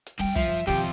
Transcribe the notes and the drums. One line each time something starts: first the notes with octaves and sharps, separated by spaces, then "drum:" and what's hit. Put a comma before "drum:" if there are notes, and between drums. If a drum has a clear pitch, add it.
drum: hi-hat
F#2 G3 C#4 G5
F3 E5, drum: kick
F#1
F2 B2 D#3 F4 G4